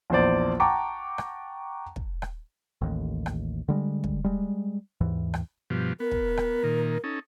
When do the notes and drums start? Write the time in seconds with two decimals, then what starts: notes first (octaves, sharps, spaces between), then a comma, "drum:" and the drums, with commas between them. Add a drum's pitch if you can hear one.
0.10 A#1 E2 C5 D5
0.60 F#5 G5 A5 A#5 C#6 D6
1.18 drum: rim click
1.96 drum: kick
2.22 drum: rim click
2.82 A1 D#2
3.26 drum: rim click
3.68 D3 G3 G#3
4.04 drum: kick
4.24 G3 G#3
5.01 D#2 G#2 E3
5.34 drum: rim click
5.70 G2 B2 F3
6.00 B3 A#4
6.11 drum: kick
6.37 drum: rim click
6.63 A#2 D#3
7.04 C#4 D#4 A4